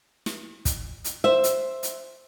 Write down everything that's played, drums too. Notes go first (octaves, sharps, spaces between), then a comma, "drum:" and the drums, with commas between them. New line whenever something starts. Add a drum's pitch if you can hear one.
drum: snare
drum: kick, hi-hat
drum: hi-hat
C5 E5
drum: hi-hat
drum: hi-hat